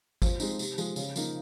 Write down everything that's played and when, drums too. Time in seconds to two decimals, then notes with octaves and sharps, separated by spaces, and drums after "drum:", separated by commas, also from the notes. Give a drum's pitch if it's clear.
0.22 F3 C5, drum: kick G#1, tambourine
0.40 G#3 C4 D#4, drum: tambourine
0.59 C3, drum: tambourine
0.78 F3 G#3, drum: tambourine
0.96 C#3, drum: tambourine
1.16 F3 A#3 D#4, drum: tambourine